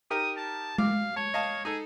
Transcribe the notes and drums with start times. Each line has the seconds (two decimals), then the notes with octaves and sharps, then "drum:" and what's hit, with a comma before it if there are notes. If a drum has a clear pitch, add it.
0.11 D#4 G4 A#4 D#6
0.37 A5
0.78 F5 D6, drum: tom G#3
1.16 C#5 A5
1.34 D#5 F5 A5
1.65 D#4 G#4 A4